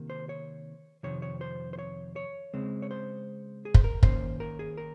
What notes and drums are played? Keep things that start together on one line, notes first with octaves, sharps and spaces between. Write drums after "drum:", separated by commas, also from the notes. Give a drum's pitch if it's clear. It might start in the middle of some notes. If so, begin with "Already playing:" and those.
Already playing: C3 D#3 A#3
C5
C#5
F2 C3 D#3 C#5
C#5
C5
C5
C#5
C#5
C#3 G#3 C4
C#5
C5
G#4
C5, drum: kick F#1
A#4
D#3 A#3 C#4 C5, drum: kick F#1
A#4
G#4
A#4